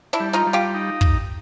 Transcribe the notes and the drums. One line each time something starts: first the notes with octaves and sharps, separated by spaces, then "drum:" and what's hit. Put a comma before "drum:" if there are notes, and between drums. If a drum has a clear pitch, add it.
D4 E4
G3
D#4 F4
G3
F4 G4
D#4
drum: kick